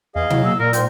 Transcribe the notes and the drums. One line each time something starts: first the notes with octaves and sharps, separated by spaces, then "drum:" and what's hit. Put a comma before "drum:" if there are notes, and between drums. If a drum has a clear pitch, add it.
E2 G#4 D#5 F5
F#3 E4, drum: tom B2
A#3 E6
A#2 A#4 D5
G#2 F4 G5, drum: hi-hat